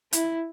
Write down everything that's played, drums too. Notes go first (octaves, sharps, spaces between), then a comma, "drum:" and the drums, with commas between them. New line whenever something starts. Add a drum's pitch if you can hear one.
E4, drum: hi-hat